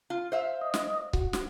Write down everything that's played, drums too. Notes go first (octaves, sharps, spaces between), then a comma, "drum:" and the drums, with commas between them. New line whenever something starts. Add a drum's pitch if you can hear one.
F4
C5 E5 F5
D#5
drum: snare
F#4, drum: kick C#1
drum: snare